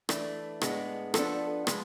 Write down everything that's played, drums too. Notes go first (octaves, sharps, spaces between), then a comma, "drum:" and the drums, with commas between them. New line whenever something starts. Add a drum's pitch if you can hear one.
E3 A3 D4, drum: rim click
A2 G#3 B3 D4, drum: rim click
F3 B3 D4 A4, drum: rim click
F3 G#3 B3, drum: rim click